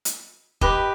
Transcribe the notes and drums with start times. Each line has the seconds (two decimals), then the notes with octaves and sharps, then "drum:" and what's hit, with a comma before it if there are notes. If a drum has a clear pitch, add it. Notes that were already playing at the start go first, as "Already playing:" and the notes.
0.05 drum: hi-hat
0.61 G4 B4 D#5, drum: kick